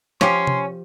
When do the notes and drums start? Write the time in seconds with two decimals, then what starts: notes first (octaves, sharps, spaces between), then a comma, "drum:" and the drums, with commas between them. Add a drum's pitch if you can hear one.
0.21 F3 C#4 G4 C6, drum: snare
0.47 drum: tom C3